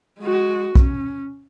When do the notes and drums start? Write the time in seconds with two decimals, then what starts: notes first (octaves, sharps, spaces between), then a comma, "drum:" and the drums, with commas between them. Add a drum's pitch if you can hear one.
0.20 G#3 F#4
0.75 C#4, drum: kick B1